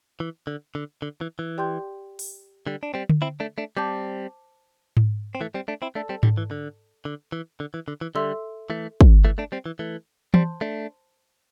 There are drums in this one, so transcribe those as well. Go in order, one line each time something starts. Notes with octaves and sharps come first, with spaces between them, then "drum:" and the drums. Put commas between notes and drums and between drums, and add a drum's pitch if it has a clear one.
E3
D3
D3
D3
E3
E3
G4 D5 G5 C6 G6
drum: open hi-hat
D3 G3
D4
G3 C4
drum: tom D3
C4 E4
A3 D4
A3 D4
G3 C4 C5 A5 D6 G6
drum: tom G#2
C4
E3 A3
G3 C4
A3 D4
C4 E4
A3 D4 A4 D5 A5 E6
G3 C4
D3 G3, drum: tom G#2
E3
D3
D3
E3
D3
E3
D3
E3
D3 G3 A4 E5 C6 E6
E3 A3
drum: kick
E3 A3
A3 D4
G3 C4
E3
E3 A3
G3 C4 C5 A5 C6 G6, drum: tom E3
A3 D4